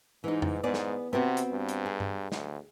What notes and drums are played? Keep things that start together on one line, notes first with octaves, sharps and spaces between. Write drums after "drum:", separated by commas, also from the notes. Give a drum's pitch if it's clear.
G#2 E3 D#4
drum: tom F2
G#2 B3 G#4 D5
drum: snare
C3 B3 C4 F#4
drum: hi-hat
G2
drum: hi-hat
G#4
drum: tom G2
D2, drum: snare